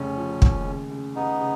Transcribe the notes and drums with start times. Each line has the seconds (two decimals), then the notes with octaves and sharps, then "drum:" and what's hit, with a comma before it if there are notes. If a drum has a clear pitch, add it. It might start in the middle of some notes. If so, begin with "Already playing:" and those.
Already playing: F1 C#3 C#4
0.17 F3
0.42 D#2, drum: kick
0.67 C#3
0.91 C#3
1.16 C#3 B3 D#4
1.41 C#3